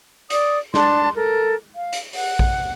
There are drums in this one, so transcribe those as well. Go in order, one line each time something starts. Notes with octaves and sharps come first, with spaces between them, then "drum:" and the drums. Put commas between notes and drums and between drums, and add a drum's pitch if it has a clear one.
D5 D#6, drum: hi-hat
D4 A5 C6, drum: snare
A4 A#4
F5
drum: hi-hat
F#5, drum: open hi-hat
drum: kick A#1